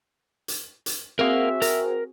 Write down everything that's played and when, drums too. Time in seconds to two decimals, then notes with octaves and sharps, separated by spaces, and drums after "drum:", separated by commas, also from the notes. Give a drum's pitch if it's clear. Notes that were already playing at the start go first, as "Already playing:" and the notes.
0.48 drum: hi-hat
0.86 drum: hi-hat
1.19 C4 F#4 G#4 A#4 E5 F5
1.62 A#4, drum: hi-hat